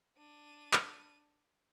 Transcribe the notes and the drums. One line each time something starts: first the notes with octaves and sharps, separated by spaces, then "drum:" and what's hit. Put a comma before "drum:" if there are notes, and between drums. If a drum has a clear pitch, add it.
D4 D#7
drum: clap